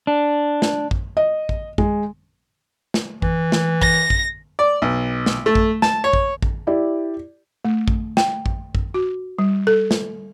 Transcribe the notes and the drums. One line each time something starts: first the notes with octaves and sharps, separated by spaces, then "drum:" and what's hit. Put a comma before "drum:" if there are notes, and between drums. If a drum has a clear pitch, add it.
D4
drum: snare
drum: kick A1
D#5
drum: kick A1
G#3, drum: kick A1
drum: snare
E3, drum: kick A1
drum: snare
A#6, drum: kick A1
drum: kick A1
D5
B1
drum: snare
A3
drum: kick A1
A5, drum: snare
C#5
drum: kick A1
drum: kick A1
E4 G4 D5
A3
drum: kick A1
G5, drum: snare
drum: kick A1
drum: kick A1
F#4
G3
A4
drum: snare